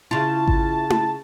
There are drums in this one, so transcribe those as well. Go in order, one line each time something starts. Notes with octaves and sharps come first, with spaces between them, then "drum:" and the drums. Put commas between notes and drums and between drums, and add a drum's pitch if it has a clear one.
C#3 E4 F4 A5
drum: kick G#1
drum: tom E4